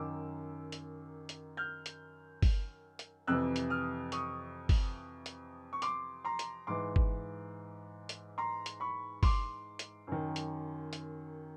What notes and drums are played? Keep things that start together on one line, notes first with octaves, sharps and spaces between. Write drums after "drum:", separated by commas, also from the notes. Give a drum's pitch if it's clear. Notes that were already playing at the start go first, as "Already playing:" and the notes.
Already playing: F#2 D#3 D6 E6
drum: hi-hat
drum: hi-hat
F6 G6
drum: hi-hat
drum: kick G1, open hi-hat
drum: hi-hat
F2 C3 E3 E6 F#6
drum: hi-hat
D#6 F6
C#6 D#6, drum: hi-hat
drum: kick G1, open hi-hat
drum: hi-hat
C#6
C6 D6, drum: hi-hat
A#5 C6
drum: hi-hat
G#2 E3 C6 D6
drum: kick G1
drum: hi-hat
A#5 C6
drum: hi-hat
B5 C#6
C6 D6, drum: kick G1, open hi-hat
drum: hi-hat
F#2 D#3
drum: hi-hat
drum: hi-hat